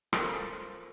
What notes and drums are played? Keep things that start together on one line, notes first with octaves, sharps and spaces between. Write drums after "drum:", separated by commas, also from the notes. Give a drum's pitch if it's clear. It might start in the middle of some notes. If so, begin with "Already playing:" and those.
F4 A4 A#4 C5, drum: rim click